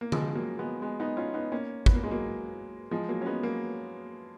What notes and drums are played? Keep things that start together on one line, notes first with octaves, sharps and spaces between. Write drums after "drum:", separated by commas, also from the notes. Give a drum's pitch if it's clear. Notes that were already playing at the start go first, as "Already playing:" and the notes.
A#3
F3 G#3, drum: tom D3
F#3 A#3
G#3 B3
G#3 B3
B3 D#4
C#4 F4
B3 D#4
A#3 C#4
B3, drum: kick G#1
A#3
G#3
F#3 A#3
F3 G#3
F#3 A#3
C#4
G#3 B3
F#3 A#3